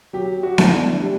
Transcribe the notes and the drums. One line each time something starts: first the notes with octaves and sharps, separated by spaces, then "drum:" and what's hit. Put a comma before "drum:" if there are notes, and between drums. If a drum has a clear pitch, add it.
F#3 G4
F#4
A3 E4, drum: snare B3
D4
G3 D4